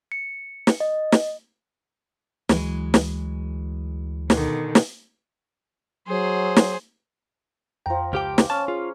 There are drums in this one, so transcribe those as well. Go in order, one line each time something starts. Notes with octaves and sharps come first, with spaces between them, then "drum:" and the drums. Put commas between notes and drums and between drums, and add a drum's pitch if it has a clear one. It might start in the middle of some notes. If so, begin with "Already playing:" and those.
C#7
drum: snare
D#5
drum: snare
D2 E3 F#3 G#3, drum: snare
drum: snare
B2 D3 D#3, drum: snare
drum: snare
F#3 G#4 C5
drum: snare
F2 F3 G5 A#5
C#2 G4 F5 G5 D6 F6 G6
drum: snare
C#4 A5 F6
F4 G#4